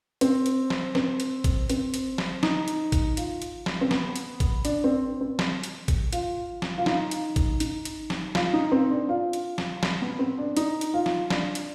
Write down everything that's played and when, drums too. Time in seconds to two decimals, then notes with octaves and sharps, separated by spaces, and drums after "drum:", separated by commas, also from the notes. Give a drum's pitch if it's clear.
0.21 C4, drum: hi-hat
0.46 drum: hi-hat
0.70 drum: snare
0.95 C4, drum: snare
1.20 drum: hi-hat
1.44 drum: kick, hi-hat
1.70 C4, drum: hi-hat
1.94 drum: hi-hat
2.18 drum: snare
2.43 D#4, drum: snare
2.68 drum: hi-hat
2.92 drum: kick, hi-hat
3.17 F4, drum: hi-hat
3.42 drum: hi-hat
3.66 drum: snare
3.81 C4
3.91 B3, drum: snare
4.16 drum: hi-hat
4.40 drum: kick, hi-hat
4.65 D4, drum: hi-hat
4.84 C4
5.21 C4
5.39 drum: snare
5.64 drum: hi-hat
5.88 drum: kick, hi-hat
6.13 F4, drum: hi-hat
6.62 drum: snare
6.78 F4
6.86 D#4, drum: snare
7.11 drum: hi-hat
7.36 drum: kick, hi-hat
7.60 D#4, drum: hi-hat
7.85 drum: hi-hat
8.10 drum: snare
8.35 F4, drum: snare
8.53 D#4
8.72 C4
8.90 D4
9.09 F4
9.33 drum: hi-hat
9.58 drum: snare
9.83 drum: snare
10.02 B3
10.19 C4
10.38 D4
10.57 D#4, drum: hi-hat
10.81 drum: hi-hat
10.94 F4
11.06 drum: snare
11.30 D4, drum: snare
11.55 drum: hi-hat